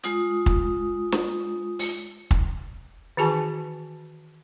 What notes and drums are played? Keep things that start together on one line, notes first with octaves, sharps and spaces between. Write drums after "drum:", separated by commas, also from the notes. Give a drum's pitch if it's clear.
G#3 F4 D#6, drum: hi-hat
drum: kick
drum: snare
drum: open hi-hat
drum: kick
D#3 E3 F#4 G#4 G#5 A5